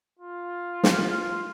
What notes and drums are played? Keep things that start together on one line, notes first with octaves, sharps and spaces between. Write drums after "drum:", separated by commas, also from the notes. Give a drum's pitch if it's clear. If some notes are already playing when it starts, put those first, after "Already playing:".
F4
drum: snare